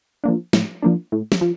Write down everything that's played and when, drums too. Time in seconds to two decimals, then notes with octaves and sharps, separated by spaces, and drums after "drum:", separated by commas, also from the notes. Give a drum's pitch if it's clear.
0.24 F3 A#3 D4
0.53 A2, drum: snare
0.82 F3 A#3 D4
1.12 A2
1.32 drum: snare
1.41 F3